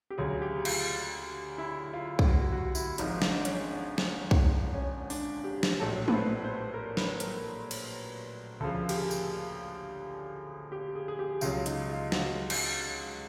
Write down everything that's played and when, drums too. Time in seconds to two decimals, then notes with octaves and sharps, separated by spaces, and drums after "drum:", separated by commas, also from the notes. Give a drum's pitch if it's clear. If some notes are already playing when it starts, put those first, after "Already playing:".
0.10 G4
0.18 D2 C#3 F#3 G#4
0.42 G4
0.65 F4, drum: cymbal
1.58 E4
1.93 F4
2.19 drum: kick
2.28 F#4
2.53 F#4
2.75 E4, drum: tambourine
2.98 G#1 G#2 F3 D#4, drum: hi-hat
3.22 D4, drum: snare
3.45 C#4, drum: hi-hat
3.98 drum: snare
4.31 drum: kick
4.74 C#4
5.10 D4, drum: open hi-hat
5.44 G4
5.63 drum: snare
5.79 A#1 A2 F#3 A4
6.08 B4, drum: tom G#3
6.14 C5
6.44 C5
6.51 B4
6.74 A#4
6.97 B4, drum: snare
7.20 A#4, drum: hi-hat
7.71 drum: cymbal
8.60 D2 C#3 F3 A4
8.89 G4, drum: cymbal
8.95 G#4
9.11 drum: tambourine
10.72 G4
10.95 G#4
11.08 G#4
11.19 G4
11.41 C#2 C#3 F#3 F4, drum: tambourine
11.66 D#4, drum: hi-hat
11.89 F4
12.12 F#4, drum: snare
12.50 drum: cymbal